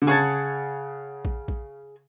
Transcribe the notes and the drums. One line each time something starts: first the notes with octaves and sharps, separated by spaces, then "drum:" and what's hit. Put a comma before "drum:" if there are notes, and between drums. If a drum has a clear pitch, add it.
D3
C#3 G#4 C#5 F#5 A5
drum: kick A#1
drum: kick A#1